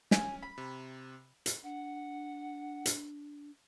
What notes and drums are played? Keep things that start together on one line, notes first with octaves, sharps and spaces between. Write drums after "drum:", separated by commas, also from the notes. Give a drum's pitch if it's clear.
C#4 G#5, drum: snare
B5
C3
drum: hi-hat
D4 F#5
drum: hi-hat